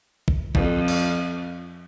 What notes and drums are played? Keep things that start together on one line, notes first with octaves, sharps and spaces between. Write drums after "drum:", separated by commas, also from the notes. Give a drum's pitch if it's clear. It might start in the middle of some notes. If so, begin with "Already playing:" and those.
drum: kick
F2, drum: kick
drum: cymbal